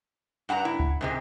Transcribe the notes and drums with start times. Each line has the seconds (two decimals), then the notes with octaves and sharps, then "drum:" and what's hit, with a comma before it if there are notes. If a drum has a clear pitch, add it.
0.49 G2 F#5 A5 A#5
0.65 E4
0.79 drum: kick C#2
1.01 G#2 C3 G#3